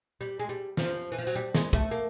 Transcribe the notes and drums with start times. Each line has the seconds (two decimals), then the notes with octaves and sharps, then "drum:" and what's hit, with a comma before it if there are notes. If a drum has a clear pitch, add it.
0.21 G3
0.40 G#3
0.49 G3
0.77 F3, drum: snare
1.12 E3
1.18 F3
1.27 F#3
1.35 G3
1.55 G#3, drum: snare
1.73 A3, drum: kick
1.91 A#3